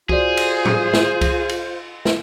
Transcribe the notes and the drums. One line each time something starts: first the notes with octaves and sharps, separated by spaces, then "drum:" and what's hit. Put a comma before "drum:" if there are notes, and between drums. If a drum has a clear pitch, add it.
F4 F#4 G#4 C5 D5, drum: kick C2
drum: cymbal
drum: tom
drum: snare
drum: kick C2, cymbal
drum: cymbal
drum: snare